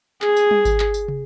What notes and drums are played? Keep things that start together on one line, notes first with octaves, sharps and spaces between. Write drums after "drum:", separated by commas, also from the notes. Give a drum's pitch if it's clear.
G#4, drum: clap
drum: tambourine
drum: tom G3
drum: kick G#1, tambourine
drum: clap
drum: tambourine
drum: tom